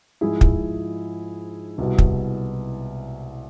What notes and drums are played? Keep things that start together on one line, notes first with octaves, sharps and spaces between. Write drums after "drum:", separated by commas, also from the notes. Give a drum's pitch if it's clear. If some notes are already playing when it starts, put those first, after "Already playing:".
G#2 F3 E4 G#4
drum: kick
C2 B2
drum: kick